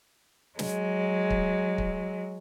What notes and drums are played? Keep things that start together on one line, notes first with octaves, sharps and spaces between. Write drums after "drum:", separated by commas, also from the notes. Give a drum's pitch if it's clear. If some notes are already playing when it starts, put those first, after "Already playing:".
F#3 G#3, drum: snare
drum: kick
drum: kick